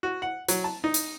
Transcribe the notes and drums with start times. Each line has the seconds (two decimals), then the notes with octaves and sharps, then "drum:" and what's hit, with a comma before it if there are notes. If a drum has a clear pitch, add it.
0.03 F#4
0.22 F#5
0.48 F#3, drum: hi-hat
0.64 A5
0.84 D#4
0.94 drum: hi-hat